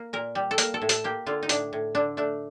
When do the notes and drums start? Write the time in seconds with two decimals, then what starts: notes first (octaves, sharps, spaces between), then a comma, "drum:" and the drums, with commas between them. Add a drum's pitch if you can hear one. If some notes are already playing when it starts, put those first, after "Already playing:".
Already playing: A#3
0.13 A#2 A#4
0.35 G3
0.51 A4
0.58 A#3 A#4, drum: hi-hat
0.74 A4
0.82 A2
0.89 A4, drum: hi-hat
1.04 A#3 G4
1.26 D3 F4
1.43 D#4
1.49 A2 D4, drum: hi-hat
1.73 A2
1.95 D3 D4
2.17 A3 D4